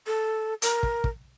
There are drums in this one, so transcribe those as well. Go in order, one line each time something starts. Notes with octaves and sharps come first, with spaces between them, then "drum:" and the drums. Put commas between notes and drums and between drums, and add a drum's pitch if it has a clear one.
A4
A#4, drum: hi-hat
drum: kick
drum: kick